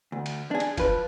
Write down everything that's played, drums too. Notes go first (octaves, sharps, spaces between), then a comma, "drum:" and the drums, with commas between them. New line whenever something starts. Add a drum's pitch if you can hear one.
D2
drum: cymbal
D4 G#4
drum: cymbal
F3 B4, drum: kick, cymbal